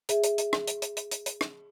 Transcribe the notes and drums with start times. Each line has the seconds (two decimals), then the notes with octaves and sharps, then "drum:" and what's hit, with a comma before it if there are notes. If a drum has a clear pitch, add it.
0.09 G#4 E5, drum: hi-hat
0.24 drum: hi-hat
0.38 drum: hi-hat
0.53 drum: rim click
0.68 drum: hi-hat
0.82 drum: hi-hat
0.97 drum: hi-hat
1.12 drum: hi-hat
1.26 drum: hi-hat
1.41 drum: rim click